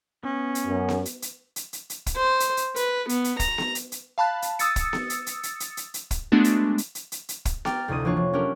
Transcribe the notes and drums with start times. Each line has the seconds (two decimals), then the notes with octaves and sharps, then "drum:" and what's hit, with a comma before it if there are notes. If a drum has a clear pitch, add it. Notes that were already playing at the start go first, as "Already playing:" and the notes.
0.24 B3 C#4
0.55 drum: hi-hat
0.66 F#2
0.89 drum: snare B3
1.05 drum: hi-hat
1.22 drum: hi-hat
1.56 drum: hi-hat
1.73 drum: hi-hat
1.90 drum: hi-hat
2.06 drum: kick, hi-hat
2.16 C5
2.40 drum: hi-hat
2.57 drum: hi-hat
2.76 B4, drum: hi-hat
3.09 B3, drum: hi-hat
3.24 drum: hi-hat
3.40 A#5, drum: kick, hi-hat
3.58 drum: snare B3
3.75 drum: hi-hat
3.92 drum: hi-hat
4.18 F5 A5 B5 F#6
4.42 drum: hi-hat
4.59 D#6 E6 A6 C#7, drum: hi-hat
4.76 drum: kick, hi-hat
4.93 drum: snare B3
5.10 drum: hi-hat
5.26 drum: hi-hat
5.43 drum: hi-hat
5.60 drum: hi-hat
5.77 drum: hi-hat
5.94 drum: hi-hat
6.11 drum: kick, hi-hat
6.32 G#3 A3 B3 D4 F#4
6.44 drum: hi-hat
6.78 drum: hi-hat
6.95 drum: hi-hat
7.12 drum: hi-hat
7.29 drum: hi-hat
7.45 drum: kick, hi-hat
7.65 G5 A#5 D6 F6 A6, drum: snare B3
7.88 F1 D2 E4 D#6 D#7
8.05 F3 A#3 D4 F4 C#5
8.17 F3
8.33 F#3 C#4 D4 G4 A#4